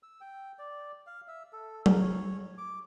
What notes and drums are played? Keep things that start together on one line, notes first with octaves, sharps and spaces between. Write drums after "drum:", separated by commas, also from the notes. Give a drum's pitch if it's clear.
E6
G5
D5
F5
E5
A4
A#4, drum: tom F#3
C#5
D6